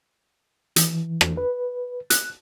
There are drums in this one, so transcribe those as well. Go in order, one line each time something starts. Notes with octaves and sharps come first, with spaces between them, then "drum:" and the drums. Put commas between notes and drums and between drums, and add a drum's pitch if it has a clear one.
E3, drum: hi-hat
drum: rim click
B4
F#6, drum: hi-hat